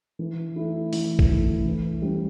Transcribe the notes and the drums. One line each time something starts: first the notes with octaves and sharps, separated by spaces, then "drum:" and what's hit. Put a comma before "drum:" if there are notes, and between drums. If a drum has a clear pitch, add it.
E3
A3 E4
E3, drum: open hi-hat
drum: kick A#1
A3 E4
E3
G3 C#4 E4